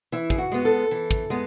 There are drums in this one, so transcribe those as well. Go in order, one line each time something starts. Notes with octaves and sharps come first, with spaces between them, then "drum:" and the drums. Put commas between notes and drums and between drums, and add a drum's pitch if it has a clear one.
E3 E4
G#4, drum: kick, hi-hat
F#4
G#3 B3
A4
E3
drum: kick, hi-hat
G#3 B3